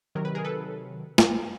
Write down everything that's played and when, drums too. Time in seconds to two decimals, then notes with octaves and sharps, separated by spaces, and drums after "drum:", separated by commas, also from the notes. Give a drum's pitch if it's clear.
0.15 C3 D#3 F#3 A#4
0.25 B4
0.35 G#4 A#4
0.45 A4 B4
1.18 drum: snare